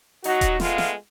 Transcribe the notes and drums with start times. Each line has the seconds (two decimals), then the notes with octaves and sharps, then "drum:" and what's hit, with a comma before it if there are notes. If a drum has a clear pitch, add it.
0.24 F#3 D#4 F#4, drum: open hi-hat
0.41 drum: kick D#1, hi-hat
0.60 G#3 A3 B3 F4, drum: snare
0.78 drum: snare